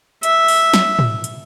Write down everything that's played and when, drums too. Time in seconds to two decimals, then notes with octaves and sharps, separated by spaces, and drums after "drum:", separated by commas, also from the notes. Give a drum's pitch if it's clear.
0.23 E5, drum: hi-hat
0.48 drum: open hi-hat
0.74 drum: snare
0.99 drum: tom
1.24 drum: hi-hat